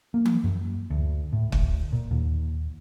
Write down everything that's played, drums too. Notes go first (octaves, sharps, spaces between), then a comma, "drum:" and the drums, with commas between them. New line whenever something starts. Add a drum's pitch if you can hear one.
A#3
drum: tom E3
F#2
D2
A2
D2, drum: kick
A#2
D#2